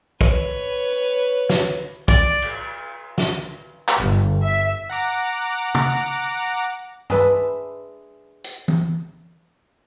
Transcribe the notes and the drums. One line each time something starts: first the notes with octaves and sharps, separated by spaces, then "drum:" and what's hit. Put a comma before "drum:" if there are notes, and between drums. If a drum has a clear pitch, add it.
B4 C#5, drum: kick
drum: snare
D5, drum: kick
drum: cymbal
drum: snare
drum: clap
G1
E5
F#5 A#5 D6
drum: tom
G#3 D4 B4 E5, drum: tom G2
drum: hi-hat
drum: tom